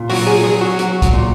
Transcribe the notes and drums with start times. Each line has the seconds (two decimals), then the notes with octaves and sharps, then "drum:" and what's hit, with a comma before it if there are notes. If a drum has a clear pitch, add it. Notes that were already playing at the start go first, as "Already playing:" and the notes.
Already playing: A#2
0.09 F#3 F#4, drum: open hi-hat
0.27 G#4
0.44 F#3 G#4
0.61 F#4
0.79 F#3 F#4, drum: hi-hat
1.02 drum: kick, hi-hat
1.13 A#2